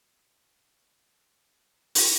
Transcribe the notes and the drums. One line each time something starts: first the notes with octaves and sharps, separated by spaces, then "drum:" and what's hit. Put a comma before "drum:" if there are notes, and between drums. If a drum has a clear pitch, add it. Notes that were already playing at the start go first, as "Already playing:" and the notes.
Already playing: D#4
G3
F4
F3
F3
drum: open hi-hat